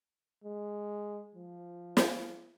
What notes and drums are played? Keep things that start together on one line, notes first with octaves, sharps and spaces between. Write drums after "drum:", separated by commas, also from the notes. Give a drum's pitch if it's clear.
G#3
F3
drum: snare